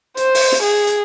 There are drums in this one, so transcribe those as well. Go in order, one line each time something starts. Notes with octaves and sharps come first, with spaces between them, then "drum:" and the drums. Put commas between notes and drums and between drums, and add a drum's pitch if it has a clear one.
C5, drum: hi-hat
drum: open hi-hat
drum: snare
G#4
drum: hi-hat